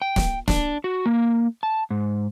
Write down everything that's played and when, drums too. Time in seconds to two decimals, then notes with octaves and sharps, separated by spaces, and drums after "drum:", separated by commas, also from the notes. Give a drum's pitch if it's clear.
0.02 G5
0.16 drum: snare
0.48 D4, drum: snare
0.84 F#4
1.06 A#3
1.63 A5
1.90 G#2